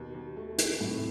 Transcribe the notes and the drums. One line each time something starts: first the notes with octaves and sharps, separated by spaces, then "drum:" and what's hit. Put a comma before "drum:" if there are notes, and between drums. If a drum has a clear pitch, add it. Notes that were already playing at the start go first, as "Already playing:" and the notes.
Already playing: D#2 B2
D#2
A3
A3, drum: hi-hat
A2 C3 D#3